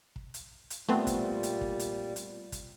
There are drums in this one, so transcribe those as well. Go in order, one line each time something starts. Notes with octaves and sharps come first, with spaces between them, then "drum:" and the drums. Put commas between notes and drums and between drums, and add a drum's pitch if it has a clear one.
drum: kick
drum: hi-hat
drum: hi-hat
A#2 G3 A3 B3 C4
drum: kick, hi-hat
drum: hi-hat
drum: kick
drum: hi-hat
drum: hi-hat
drum: kick, hi-hat